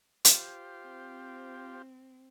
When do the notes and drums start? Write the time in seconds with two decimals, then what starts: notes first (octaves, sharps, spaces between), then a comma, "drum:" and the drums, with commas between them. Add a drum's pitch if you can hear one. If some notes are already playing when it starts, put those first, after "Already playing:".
0.25 F4 G4 C5, drum: hi-hat
0.83 C4